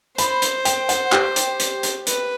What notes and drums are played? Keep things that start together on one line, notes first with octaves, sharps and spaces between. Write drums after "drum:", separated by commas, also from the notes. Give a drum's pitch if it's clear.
C5 B5, drum: hi-hat
drum: hi-hat
G5, drum: hi-hat
F#5, drum: hi-hat
G4, drum: clap
drum: hi-hat
drum: hi-hat
drum: hi-hat
B4, drum: hi-hat